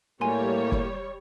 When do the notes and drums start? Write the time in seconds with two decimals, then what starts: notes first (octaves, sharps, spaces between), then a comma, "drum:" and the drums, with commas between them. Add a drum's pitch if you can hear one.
0.21 A2 G3 A#3 C#5 G#5 C6
0.72 drum: kick